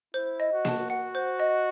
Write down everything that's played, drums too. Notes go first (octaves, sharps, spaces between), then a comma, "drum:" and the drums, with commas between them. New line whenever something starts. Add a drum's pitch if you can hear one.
E4 C5
D#5
F#4
A5, drum: snare A#3
F#4 F#5
C5
D#5